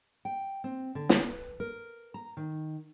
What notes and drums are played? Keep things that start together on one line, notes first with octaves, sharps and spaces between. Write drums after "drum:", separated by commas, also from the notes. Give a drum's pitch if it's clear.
G5
C4
D3
drum: snare
B4
A#4
A#5
D#3